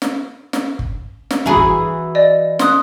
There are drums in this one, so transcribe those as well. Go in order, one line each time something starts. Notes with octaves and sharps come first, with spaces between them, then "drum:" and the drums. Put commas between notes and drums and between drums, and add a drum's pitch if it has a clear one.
drum: snare
drum: snare
drum: kick G1
drum: snare
E3 F#4 G#4 A#5 B5
drum: kick G1
D5 D#5
C6 D#6 F#6, drum: snare